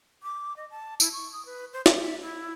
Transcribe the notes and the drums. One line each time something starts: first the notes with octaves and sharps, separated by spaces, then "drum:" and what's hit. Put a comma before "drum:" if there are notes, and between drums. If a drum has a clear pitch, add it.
D6
D#5
A5
E4, drum: tambourine
C#6
D#6
B4
C5
C#5, drum: snare
E5
E4